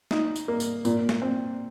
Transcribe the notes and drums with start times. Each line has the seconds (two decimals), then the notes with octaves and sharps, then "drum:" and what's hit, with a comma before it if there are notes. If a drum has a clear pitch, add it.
0.11 D#4, drum: snare
0.36 drum: tambourine
0.48 A#3
0.60 drum: tambourine
0.85 A#2, drum: tambourine
1.09 drum: snare
1.22 C4